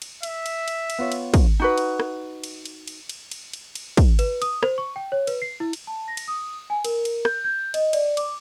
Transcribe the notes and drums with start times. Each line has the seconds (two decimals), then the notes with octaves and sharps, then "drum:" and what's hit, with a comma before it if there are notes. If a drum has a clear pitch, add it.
0.02 drum: cymbal
0.23 E5, drum: cymbal
0.46 drum: cymbal
0.68 drum: cymbal
0.90 drum: cymbal
0.99 B3 F4 C#5
1.12 drum: cymbal
1.34 drum: kick, cymbal
1.60 D#4 F#4 B4
1.78 drum: cymbal
2.00 drum: rim click
2.44 drum: cymbal
2.65 drum: cymbal
2.87 drum: cymbal
3.09 drum: cymbal
3.31 drum: cymbal
3.53 drum: cymbal
3.75 drum: cymbal
3.97 drum: kick, cymbal
4.19 B4, drum: cymbal
4.42 D#6, drum: cymbal
4.63 C5, drum: rim click
4.78 C#6
4.96 G5
5.12 C#5
5.27 B4, drum: cymbal
5.42 C7
5.60 E4
5.73 drum: cymbal
5.87 A5
6.08 A#6
6.17 drum: cymbal
6.28 D#6
6.70 G#5
6.85 A#4, drum: cymbal
7.05 drum: cymbal
7.25 G6, drum: rim click
7.44 G6
7.74 D#5, drum: cymbal
7.93 D5, drum: cymbal
8.17 D6, drum: cymbal